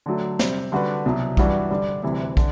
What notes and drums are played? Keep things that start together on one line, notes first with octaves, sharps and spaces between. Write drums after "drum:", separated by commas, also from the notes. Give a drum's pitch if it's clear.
D3 F#3 A3
C3 G3 C4, drum: snare
D3 G3 D4 F#4 B4
C2 B2 F#3
G2 E3 G3 D4 F#4, drum: kick
D3 G3 D4
D2 C3 E3 G3
D3, drum: kick